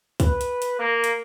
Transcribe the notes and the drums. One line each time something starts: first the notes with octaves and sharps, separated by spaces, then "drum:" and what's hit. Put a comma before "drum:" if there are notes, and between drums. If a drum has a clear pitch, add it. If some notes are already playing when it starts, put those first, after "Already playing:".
B4, drum: kick, hi-hat
drum: hi-hat
drum: hi-hat
A#3
drum: hi-hat